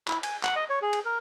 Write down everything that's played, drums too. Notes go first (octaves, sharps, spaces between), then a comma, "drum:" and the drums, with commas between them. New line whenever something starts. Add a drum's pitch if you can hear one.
E4, drum: clap
G#5, drum: cymbal
F#5, drum: clap
D#5
C#5
G#4
drum: cymbal
A#4